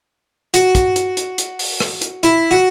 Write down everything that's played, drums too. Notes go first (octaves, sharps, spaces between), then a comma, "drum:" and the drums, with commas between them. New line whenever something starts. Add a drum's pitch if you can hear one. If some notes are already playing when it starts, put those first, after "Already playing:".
F#4, drum: hi-hat
drum: kick, hi-hat
drum: hi-hat
drum: hi-hat
drum: hi-hat
drum: open hi-hat
drum: rim click
drum: hi-hat
E4, drum: hi-hat
F#4